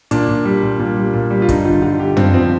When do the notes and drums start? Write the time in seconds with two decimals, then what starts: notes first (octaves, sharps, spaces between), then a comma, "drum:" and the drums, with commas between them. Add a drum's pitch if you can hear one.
0.11 A#2 D4, drum: hi-hat
0.29 A#2
0.45 G3
0.63 A#2
0.79 A#2
0.97 G3
1.14 A#2
1.31 G3
1.42 F4
1.49 G2 D#4, drum: kick, hi-hat
1.65 D3 F4
1.82 D3 F4
1.99 D3 G4
2.17 G2 C4, drum: tom
2.34 F3 C4